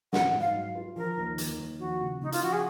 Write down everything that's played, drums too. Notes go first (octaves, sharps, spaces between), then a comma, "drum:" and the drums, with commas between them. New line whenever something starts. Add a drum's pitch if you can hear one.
G#2 F#5, drum: snare
G#2
F5
F#3
F4
F3 A#4
D#2
D#2, drum: hi-hat
D#2
F3 F#4
C#3
C#3 D#4
F4, drum: hi-hat
F3 F#4
G#4